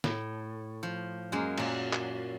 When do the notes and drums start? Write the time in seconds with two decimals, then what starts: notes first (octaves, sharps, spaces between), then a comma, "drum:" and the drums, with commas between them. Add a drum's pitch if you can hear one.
0.04 A2, drum: snare
0.83 F3
1.32 F#2 G#3 A#3
1.58 A#2 F#3, drum: cymbal
1.93 drum: clap